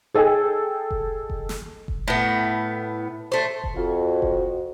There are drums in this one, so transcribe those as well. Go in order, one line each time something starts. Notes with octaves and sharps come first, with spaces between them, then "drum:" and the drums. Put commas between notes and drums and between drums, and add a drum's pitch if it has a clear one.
G#4 A4 D#5 G5 G#5
drum: kick F1
drum: kick F1
drum: snare
drum: kick F1
A2 B3
A3 C5
drum: kick F1
F2 F#4
drum: kick F1